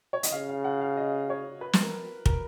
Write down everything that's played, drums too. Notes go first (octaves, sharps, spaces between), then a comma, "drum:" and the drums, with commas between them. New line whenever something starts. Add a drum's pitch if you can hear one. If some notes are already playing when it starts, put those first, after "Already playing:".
C#5
D#5, drum: hi-hat
C#3 F5
F5
F#5
F5
D#5
C#5
B4
drum: snare
A#4
A#4, drum: kick